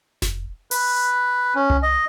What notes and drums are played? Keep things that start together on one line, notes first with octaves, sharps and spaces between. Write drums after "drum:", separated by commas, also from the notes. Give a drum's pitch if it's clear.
drum: snare F1
B4, drum: open hi-hat
C#4
drum: tom C2
D#5